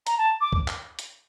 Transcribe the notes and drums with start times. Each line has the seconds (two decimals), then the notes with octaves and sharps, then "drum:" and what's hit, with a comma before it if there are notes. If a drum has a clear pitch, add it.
0.07 A#5, drum: hi-hat
0.18 A5
0.41 D6
0.53 drum: kick D2
0.68 drum: clap
0.99 drum: hi-hat